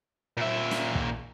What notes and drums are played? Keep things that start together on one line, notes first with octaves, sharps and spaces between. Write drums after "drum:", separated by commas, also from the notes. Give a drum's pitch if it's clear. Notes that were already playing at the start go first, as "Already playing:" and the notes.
A#2 E5
drum: snare
drum: kick